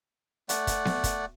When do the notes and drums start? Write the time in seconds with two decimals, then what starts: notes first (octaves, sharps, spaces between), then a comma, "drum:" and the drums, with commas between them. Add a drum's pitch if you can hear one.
0.49 A3 D5 F#5, drum: hi-hat
0.67 drum: kick, hi-hat
0.85 drum: snare B3
1.04 drum: kick, hi-hat